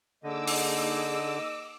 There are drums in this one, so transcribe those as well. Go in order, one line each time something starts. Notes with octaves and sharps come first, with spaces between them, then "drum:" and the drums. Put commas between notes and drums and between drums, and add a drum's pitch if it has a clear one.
D3 A#3 D#4 G#4 D#5 D6 E6
drum: open hi-hat